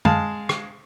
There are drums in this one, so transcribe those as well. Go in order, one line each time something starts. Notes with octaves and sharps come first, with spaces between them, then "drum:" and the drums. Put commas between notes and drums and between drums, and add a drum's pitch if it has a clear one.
G#3 F5 A5, drum: tom
drum: rim click